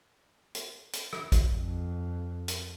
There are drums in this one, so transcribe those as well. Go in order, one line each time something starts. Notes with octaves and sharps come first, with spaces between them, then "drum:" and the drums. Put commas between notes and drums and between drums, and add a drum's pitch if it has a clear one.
drum: hi-hat
drum: hi-hat
drum: rim click
drum: kick A1, hi-hat
F2
drum: hi-hat